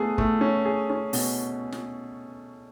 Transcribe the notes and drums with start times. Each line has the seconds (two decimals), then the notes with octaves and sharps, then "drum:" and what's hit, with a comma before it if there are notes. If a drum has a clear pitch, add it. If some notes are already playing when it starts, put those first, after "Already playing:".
Already playing: A3 B3 G#4
0.18 A3, drum: kick
0.41 C#4
0.65 G#4
0.90 C#4
1.13 B2, drum: open hi-hat
1.72 drum: snare